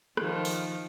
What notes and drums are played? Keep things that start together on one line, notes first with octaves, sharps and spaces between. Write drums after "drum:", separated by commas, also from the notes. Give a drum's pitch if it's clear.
D#3 F3, drum: rim click
drum: open hi-hat